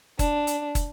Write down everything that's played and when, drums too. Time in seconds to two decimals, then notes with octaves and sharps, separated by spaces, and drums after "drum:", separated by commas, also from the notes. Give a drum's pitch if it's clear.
0.19 D4, drum: kick, hi-hat
0.47 drum: hi-hat
0.75 drum: kick, hi-hat